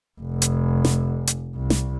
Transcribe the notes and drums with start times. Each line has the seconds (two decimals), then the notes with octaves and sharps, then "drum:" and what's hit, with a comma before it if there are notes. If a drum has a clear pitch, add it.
0.20 F1
0.42 drum: hi-hat
0.85 drum: snare
1.27 drum: hi-hat
1.56 C2
1.70 drum: snare